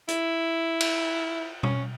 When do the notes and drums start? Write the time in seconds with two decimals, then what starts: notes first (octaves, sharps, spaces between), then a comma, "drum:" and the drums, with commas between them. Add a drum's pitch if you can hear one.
0.08 E4, drum: hi-hat
0.81 drum: cymbal
1.63 C#4, drum: tom